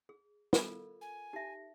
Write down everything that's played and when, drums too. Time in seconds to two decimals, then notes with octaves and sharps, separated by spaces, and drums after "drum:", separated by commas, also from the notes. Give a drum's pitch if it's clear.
0.09 G#4
0.53 F4 A4 A#4, drum: snare
1.01 G#5
1.33 D#4 G4 E5 A#6